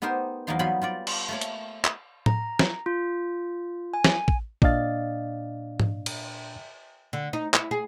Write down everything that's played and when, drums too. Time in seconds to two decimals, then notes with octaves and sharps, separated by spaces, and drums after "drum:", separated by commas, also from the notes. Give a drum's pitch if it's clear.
0.02 B3 D#4 G4 A#4 C5
0.47 E2 F#3 G3 A#3 D#4 C6
0.59 F#3 G3 B3 F4 B5 C6
0.82 G3 F4 D5
1.07 drum: cymbal
1.29 A3 A#3 C#5
1.41 drum: hi-hat
1.84 drum: clap
2.26 A#5, drum: tom A2
2.59 drum: snare
2.86 F4
3.94 G#5
4.05 drum: snare
4.28 drum: kick
4.62 A#2 D4 D5 D#5 F5 A6, drum: kick
5.80 drum: tom G#2
6.06 drum: cymbal
7.13 D3
7.33 D#4
7.54 E4, drum: clap
7.71 G#4